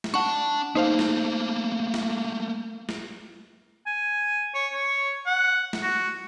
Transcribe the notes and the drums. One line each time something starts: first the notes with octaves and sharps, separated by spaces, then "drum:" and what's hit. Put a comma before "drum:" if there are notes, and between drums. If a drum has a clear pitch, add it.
drum: snare
D4 F#5 A5 C#6
A3 A#3 D#4 C5 F5
drum: snare
drum: snare
drum: snare
G#5
C#5
C#5
F#5
drum: snare
F#4